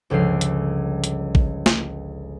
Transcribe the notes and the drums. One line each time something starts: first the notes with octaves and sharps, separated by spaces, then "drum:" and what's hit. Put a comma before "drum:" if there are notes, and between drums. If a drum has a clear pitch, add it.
G1 C#2 C#3 F3 C7
drum: hi-hat
drum: hi-hat
drum: kick A1
drum: snare